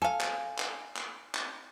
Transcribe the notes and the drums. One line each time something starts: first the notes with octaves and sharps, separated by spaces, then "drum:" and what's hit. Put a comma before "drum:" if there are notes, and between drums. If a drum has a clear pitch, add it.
A4 F5 G#5
drum: clap
drum: clap
drum: clap
drum: clap